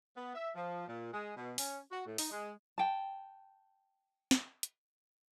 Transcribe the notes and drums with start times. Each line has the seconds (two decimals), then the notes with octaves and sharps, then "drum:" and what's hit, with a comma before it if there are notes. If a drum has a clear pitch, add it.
0.17 B3
0.35 E5
0.55 F3
0.87 A#2
1.13 G#3
1.36 B2
1.58 C#4, drum: open hi-hat
1.91 F#4
2.06 A2
2.18 D#4, drum: open hi-hat
2.31 G#3
2.78 G5 A5
4.31 drum: snare
4.63 drum: hi-hat